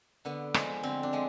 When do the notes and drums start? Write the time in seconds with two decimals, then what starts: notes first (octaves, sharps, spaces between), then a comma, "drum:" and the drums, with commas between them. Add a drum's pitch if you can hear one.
0.25 D3 B3
0.54 F3 G#3, drum: rim click
0.83 D3 C4
1.03 D4
1.13 F3 G#3